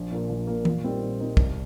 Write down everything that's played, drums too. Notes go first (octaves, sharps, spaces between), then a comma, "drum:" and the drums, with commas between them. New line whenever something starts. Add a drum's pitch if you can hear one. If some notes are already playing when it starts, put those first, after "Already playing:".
Already playing: A#1
A#2 A#3
A#1
A#2 A#3
A#2, drum: tom E3
G3 C4 D#4 A#4
A#2
G3 C4 D#4 A#4
C2, drum: kick